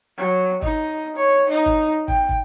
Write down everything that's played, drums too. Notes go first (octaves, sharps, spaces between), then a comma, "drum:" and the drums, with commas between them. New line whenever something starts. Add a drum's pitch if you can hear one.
F#3
D#4, drum: kick
C#5
D#4
drum: kick
G5, drum: kick
drum: kick